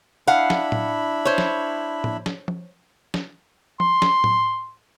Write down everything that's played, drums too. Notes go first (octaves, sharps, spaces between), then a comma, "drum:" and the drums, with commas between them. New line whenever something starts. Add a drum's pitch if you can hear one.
D4 E4 F5 F#5 B5
drum: snare
drum: tom A2
C5 C#5
drum: snare
drum: tom
drum: snare
drum: tom F3
drum: snare
C6, drum: tom F3
drum: snare
drum: tom A2